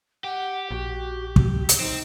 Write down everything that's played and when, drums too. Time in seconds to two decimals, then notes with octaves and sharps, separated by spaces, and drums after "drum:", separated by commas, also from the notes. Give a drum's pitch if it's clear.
0.24 G4 F#5
0.71 A#1 F#4
1.36 drum: kick
1.69 drum: hi-hat
1.80 C4 D#4